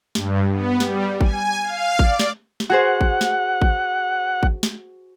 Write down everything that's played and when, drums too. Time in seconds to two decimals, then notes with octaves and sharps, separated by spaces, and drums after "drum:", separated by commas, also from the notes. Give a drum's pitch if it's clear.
0.15 G2, drum: snare
0.51 B3
0.80 G3, drum: snare
1.21 G#5, drum: kick G#1
1.63 F5
1.99 D5, drum: kick G#1
2.20 drum: snare
2.60 drum: snare
2.70 F#4 G#4 C5 F#5
3.01 drum: kick G#1
3.21 drum: snare
3.62 drum: kick G#1
4.43 drum: kick G#1
4.63 drum: snare